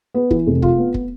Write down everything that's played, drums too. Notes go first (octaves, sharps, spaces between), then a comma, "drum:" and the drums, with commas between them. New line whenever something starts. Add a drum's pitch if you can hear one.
B3
E3, drum: kick
F1
F4, drum: kick
B3
drum: kick